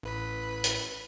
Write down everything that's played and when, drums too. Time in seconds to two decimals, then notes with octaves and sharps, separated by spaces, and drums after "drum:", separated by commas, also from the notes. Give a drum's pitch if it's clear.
0.03 A1 B4 B5
0.64 drum: hi-hat